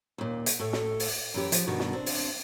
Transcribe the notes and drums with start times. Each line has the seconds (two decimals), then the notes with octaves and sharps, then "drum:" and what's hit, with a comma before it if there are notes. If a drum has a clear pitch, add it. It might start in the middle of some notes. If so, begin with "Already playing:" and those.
0.18 D#2 A#2
0.46 drum: hi-hat
0.59 A2 A3
0.73 drum: snare
1.00 drum: open hi-hat
1.34 F#2 E3 G4
1.52 F3, drum: hi-hat
1.67 G2 B2 D#3 F#4
1.80 drum: snare
1.93 C4 D4
2.06 drum: open hi-hat